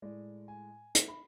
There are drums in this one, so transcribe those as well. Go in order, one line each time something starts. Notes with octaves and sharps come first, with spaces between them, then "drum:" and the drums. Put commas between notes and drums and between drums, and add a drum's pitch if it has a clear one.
A2 G#3 D5
G#5
E5, drum: hi-hat
B5